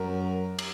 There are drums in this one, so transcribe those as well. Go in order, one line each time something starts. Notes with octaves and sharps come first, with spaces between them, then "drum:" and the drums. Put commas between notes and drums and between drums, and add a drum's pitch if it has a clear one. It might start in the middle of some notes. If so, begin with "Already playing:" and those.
Already playing: F#2 A#4
drum: cymbal